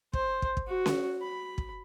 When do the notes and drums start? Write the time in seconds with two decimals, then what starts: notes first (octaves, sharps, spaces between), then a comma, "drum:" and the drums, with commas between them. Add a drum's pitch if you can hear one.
0.13 C5, drum: kick
0.42 drum: kick
0.57 drum: kick
0.67 F#4
0.86 drum: snare C#4
1.22 B5
1.58 drum: kick